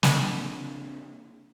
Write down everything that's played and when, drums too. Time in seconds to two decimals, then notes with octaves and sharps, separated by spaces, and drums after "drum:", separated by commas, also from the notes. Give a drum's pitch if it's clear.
0.03 C#3 A#3 C4 D4, drum: snare